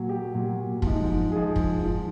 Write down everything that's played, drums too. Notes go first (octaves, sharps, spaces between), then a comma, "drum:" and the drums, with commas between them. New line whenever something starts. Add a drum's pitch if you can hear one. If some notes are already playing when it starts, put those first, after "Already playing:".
Already playing: A#2 F#3
G4
A#2 F#3
G#2 F3, drum: kick
G#2 F3 G#4
drum: kick
G#2 F3